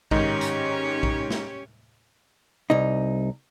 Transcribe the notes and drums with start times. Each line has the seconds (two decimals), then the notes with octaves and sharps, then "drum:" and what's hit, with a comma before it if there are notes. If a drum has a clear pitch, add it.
0.11 G#2 D#3 C#4 D#4 G4 C#5, drum: kick A#1
0.41 drum: hi-hat
1.03 drum: kick A#1
1.30 drum: snare
2.70 C2 D#4